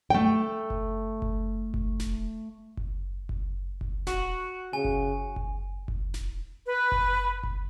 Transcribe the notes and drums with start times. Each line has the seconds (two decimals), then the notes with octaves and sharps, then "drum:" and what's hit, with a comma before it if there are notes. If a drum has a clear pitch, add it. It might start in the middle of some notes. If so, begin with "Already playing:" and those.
0.10 A3 G5
0.70 drum: kick F#1
1.22 drum: kick F#1
1.74 drum: kick F#1
2.00 drum: snare D#1
2.77 drum: kick F#1
3.29 drum: kick F#1
3.81 drum: kick F#1
4.07 F#4, drum: snare D#1
4.73 C#3 G#5
4.85 drum: kick F#1
5.36 drum: kick F#1
5.88 drum: kick F#1
6.14 drum: snare D#1
6.65 B4
6.92 drum: kick F#1
7.43 drum: kick F#1